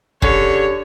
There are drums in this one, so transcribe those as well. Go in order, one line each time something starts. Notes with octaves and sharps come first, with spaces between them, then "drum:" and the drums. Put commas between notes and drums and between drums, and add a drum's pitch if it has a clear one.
D3 C#4 G4 G#4 C#5, drum: kick